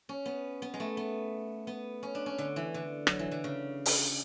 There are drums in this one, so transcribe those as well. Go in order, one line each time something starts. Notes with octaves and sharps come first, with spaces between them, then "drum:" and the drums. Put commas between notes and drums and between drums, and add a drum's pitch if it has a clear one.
C#4
B3
B3
G#3
A3
B3
B3
C#4
D4
C#4
D3
E3
D3
F#3, drum: rim click
E3
D3
C#3
drum: open hi-hat